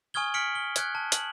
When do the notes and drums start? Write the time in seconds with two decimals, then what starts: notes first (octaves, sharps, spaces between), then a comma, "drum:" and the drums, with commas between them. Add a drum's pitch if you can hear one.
0.14 G#5 C#6 D#6 F6 G#6 G7
0.34 F6 B6 C#7 D7 F#7
0.55 G7
0.76 F6 F#6 G#6, drum: hi-hat
0.95 A5
1.12 F#7, drum: hi-hat